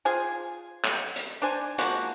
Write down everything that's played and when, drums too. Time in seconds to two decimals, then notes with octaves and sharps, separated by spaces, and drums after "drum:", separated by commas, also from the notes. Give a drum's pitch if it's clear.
0.05 F4 G#4 C5 G#5
0.85 drum: clap
1.16 drum: hi-hat
1.42 D4 C5 G#5
1.78 F3 G#3 A#3 F#4, drum: hi-hat